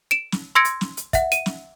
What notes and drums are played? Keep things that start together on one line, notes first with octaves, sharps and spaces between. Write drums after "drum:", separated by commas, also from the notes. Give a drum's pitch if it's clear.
D7 E7
drum: snare
C6 E6 G#6 A#6 C#7 D7
drum: hi-hat
drum: snare
drum: hi-hat
E5 F#5, drum: kick, hi-hat
D#7, drum: hi-hat
drum: snare